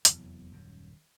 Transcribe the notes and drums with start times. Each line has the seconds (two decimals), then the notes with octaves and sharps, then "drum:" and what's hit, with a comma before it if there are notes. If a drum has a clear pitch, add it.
0.05 F1 B1 E2 F#3, drum: hi-hat
0.52 D#1 F#2